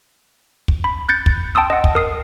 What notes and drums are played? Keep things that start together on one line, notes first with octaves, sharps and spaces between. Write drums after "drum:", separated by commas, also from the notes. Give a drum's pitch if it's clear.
drum: kick
B5
F#6 G6 A6 C#7
drum: kick
G5 A5 C6 D#6 E6
D#5 F#5
drum: kick
A#4 D#6 C7